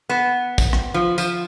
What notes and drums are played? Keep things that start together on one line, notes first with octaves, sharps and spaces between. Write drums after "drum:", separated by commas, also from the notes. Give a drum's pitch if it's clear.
B3
drum: kick, tambourine
drum: rim click
F3
F3, drum: tambourine